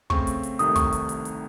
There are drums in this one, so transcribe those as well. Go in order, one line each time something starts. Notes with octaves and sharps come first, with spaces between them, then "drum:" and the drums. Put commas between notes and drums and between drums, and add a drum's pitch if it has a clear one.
C#3 A3 C4 C#6, drum: kick
drum: hi-hat
drum: hi-hat
C2 C3 D#3 A3 D#4 D#6, drum: hi-hat
C#6, drum: kick, hi-hat
drum: hi-hat
drum: hi-hat
drum: hi-hat